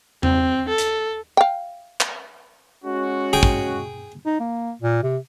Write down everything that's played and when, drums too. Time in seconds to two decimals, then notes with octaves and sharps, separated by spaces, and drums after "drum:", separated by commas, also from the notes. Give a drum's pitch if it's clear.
0.23 C4, drum: tom E2
0.69 A4
0.78 drum: hi-hat
1.37 F5 G5
2.00 drum: clap
2.85 G#3 C#4 F#4
3.33 G#4 G5
3.43 drum: kick
4.26 D#4
4.40 A#3
4.82 A#2
5.03 C3